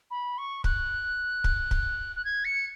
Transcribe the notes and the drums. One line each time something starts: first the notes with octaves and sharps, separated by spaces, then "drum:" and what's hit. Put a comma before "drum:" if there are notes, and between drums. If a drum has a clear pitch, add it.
B5
C#6
F#6, drum: kick
drum: kick
drum: kick
F#6
G#6
C#7